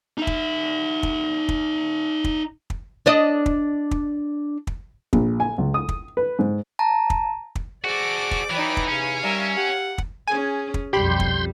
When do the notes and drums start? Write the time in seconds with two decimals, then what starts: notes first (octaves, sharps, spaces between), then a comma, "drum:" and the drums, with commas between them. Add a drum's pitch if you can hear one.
0.18 D#4 E5
0.27 drum: kick
1.03 drum: kick
1.49 drum: kick
2.24 drum: kick
2.70 drum: kick
3.06 D4 D5 D#5
3.46 drum: kick
3.91 drum: kick
4.67 drum: kick
5.13 A#1, drum: kick
5.40 G#5
5.58 C#2
5.74 D#6
5.89 drum: kick
6.17 B4
6.39 G#2
6.79 A5 A#5
7.10 drum: kick
7.55 drum: kick
7.84 F#4 G#4 A4 C5 D5 D6
8.31 drum: kick
8.51 E3 F#3 D#4 B4 G5
8.77 drum: kick
8.88 E2 C3 C#4 F5 G#5
9.23 G3 A#4 E5
9.56 G4 F#5
9.98 drum: kick
10.28 C#4 G#4 G#5
10.74 drum: kick
10.93 B1 F2 G3 G4 B5 C6 G6
11.20 drum: kick